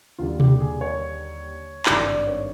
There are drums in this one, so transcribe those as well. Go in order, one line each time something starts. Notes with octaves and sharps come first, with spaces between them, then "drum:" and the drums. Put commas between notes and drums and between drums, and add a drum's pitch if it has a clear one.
D#2 D3 G3 F4
G4, drum: tom B2
G#4
C#5
G#1 G2 D#3 D5, drum: clap
D5
C#5